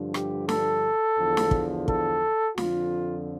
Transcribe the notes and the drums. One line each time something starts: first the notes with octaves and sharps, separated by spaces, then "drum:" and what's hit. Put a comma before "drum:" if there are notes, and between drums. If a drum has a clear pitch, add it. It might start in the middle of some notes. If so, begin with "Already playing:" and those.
Already playing: G2 D3 F3
G4, drum: rim click
A4, drum: snare
E2 D3 F3
drum: snare
drum: kick
A4, drum: kick
F2 D3 F3 F4, drum: snare